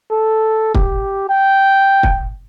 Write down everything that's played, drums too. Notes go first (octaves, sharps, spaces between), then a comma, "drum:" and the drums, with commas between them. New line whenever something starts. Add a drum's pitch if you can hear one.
A4
G4, drum: kick
G5
drum: kick